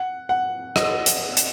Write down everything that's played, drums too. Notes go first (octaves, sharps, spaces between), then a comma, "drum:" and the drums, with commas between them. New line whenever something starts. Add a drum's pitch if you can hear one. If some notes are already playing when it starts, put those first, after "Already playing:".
Already playing: F#5
F#5
D#5, drum: rim click
drum: hi-hat
drum: hi-hat